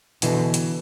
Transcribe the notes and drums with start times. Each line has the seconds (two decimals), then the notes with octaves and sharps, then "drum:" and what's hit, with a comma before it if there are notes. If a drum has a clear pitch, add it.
0.22 B2 D3 E3, drum: hi-hat
0.54 drum: hi-hat